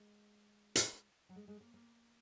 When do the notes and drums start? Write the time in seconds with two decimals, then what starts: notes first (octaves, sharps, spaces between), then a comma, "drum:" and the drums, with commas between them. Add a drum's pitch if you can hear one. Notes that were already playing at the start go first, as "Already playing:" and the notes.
Already playing: G#3
0.75 drum: hi-hat
1.29 F#3
1.36 G#3
1.48 G#3
1.61 A#3
1.74 A#3